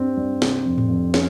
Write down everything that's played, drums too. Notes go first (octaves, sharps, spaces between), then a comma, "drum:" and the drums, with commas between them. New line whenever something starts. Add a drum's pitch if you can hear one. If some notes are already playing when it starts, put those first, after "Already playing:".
Already playing: G2 G3 C4
G2
C3, drum: snare
F2
drum: tom A2
F2
C#4, drum: snare